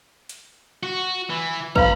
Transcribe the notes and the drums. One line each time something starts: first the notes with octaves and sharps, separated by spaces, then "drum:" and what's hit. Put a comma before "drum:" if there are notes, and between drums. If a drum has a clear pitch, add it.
drum: hi-hat
F#4
E3
B4 F5 A#5 B5, drum: kick